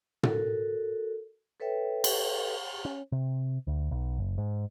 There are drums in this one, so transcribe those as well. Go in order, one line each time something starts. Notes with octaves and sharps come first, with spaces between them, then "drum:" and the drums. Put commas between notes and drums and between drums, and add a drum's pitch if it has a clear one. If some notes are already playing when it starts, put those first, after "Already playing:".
F#4 A4 A#4, drum: tom
A4 B4 C#5 E5 G5
drum: cymbal
C#4
C3
D2
B1
F#1
G#2